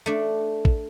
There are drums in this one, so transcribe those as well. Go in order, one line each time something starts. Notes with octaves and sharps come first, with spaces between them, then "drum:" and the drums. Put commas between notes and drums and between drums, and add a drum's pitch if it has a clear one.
A3 D4
drum: kick